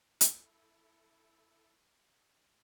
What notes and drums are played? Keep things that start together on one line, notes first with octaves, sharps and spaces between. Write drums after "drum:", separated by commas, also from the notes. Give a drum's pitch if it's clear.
E4 A4, drum: hi-hat